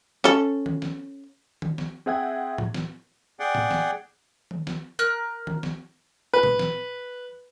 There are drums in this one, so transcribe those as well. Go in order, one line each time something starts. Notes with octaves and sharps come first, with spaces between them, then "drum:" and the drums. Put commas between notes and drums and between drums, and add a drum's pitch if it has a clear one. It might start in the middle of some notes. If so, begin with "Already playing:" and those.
C#4 A4
drum: tom D#3
drum: snare
drum: tom D#3
drum: snare
C4 G#4 E5 F#5 G5 G#6
drum: tom A2
drum: snare
G#4 D5 F#5 G5
drum: tom A2
drum: snare
drum: tom D#3
drum: snare
A#4 F6 F#6
drum: tom D#3
drum: snare
B4
drum: tom A#2
drum: snare